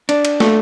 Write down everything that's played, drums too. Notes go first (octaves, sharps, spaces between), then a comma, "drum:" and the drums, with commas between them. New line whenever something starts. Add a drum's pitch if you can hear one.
D4, drum: cymbal
drum: cymbal
A3, drum: snare